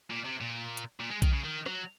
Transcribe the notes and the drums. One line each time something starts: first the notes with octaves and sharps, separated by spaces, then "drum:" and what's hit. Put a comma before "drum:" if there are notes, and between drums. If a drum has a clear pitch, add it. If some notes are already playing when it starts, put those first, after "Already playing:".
A#2
C3
A#2
drum: hi-hat
A#2
G#3
D#3, drum: kick B1, hi-hat
C#3
D#3
F#3, drum: rim click